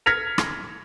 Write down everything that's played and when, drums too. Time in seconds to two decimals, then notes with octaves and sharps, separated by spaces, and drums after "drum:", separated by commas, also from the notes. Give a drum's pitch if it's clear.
0.06 F6 G#6 A#6 B6 C#7 F7
0.38 drum: rim click